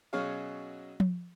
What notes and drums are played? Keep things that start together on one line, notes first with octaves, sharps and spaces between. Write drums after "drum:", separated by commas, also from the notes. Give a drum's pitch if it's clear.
B2 F#3 C#4 G#4 C#5 F5
drum: tom F3